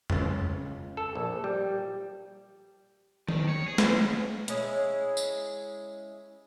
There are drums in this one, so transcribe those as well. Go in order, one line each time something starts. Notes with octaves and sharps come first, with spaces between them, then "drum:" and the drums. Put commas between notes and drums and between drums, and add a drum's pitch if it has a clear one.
C#2, drum: tom
A4
A#1
G3
D#3, drum: tom D#3
C#5
G#4
drum: snare
G#3 C#4 E4, drum: hi-hat
drum: tambourine